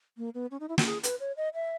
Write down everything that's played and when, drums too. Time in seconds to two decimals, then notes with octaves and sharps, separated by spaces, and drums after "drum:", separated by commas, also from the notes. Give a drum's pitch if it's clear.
0.18 A#3
0.34 B3
0.51 C#4
0.60 D#4
0.69 E4
0.78 F#4, drum: snare
0.86 G#4
1.03 B4, drum: hi-hat
1.20 C#5
1.37 D#5
1.54 E5